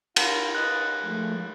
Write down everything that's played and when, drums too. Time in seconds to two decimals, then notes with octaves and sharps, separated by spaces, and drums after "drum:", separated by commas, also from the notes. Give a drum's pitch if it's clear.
0.16 F4, drum: cymbal
0.55 B4 D#5 F#6
1.02 F3 G#3 A3